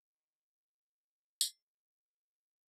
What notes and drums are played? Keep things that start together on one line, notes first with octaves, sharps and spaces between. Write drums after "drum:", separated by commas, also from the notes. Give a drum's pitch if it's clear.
D#3
B3
C#4
drum: tambourine
G#3
B4